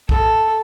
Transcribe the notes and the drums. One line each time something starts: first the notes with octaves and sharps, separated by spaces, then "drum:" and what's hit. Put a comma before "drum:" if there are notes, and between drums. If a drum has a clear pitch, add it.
A4, drum: kick A#1